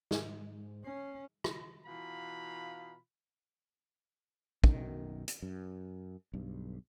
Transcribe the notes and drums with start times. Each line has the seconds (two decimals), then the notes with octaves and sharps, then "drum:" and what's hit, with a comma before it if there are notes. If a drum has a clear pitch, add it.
0.11 G#2, drum: snare
0.85 C#4 C7
1.44 drum: rim click
1.86 B2 E3 F4 F5 A#5 B5
4.64 B1 F#2 D#3, drum: kick
5.28 drum: hi-hat
5.42 F#2
6.33 B1 G2